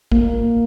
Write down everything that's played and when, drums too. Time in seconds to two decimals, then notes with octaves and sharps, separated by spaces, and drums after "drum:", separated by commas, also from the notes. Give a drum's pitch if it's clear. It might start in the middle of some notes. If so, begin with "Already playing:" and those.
0.12 A#3, drum: kick